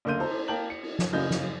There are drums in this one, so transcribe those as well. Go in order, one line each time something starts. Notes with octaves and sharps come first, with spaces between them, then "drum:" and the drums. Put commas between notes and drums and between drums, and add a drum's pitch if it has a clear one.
F#1 D3 A#3 C6 G6 D#7
A4 C5 A#5, drum: cymbal
A#3 G5 A5 A#5 G6 F#7
C#7
drum: cymbal
drum: snare
F#2 C#3 A#3 D#5 G6, drum: cymbal
drum: snare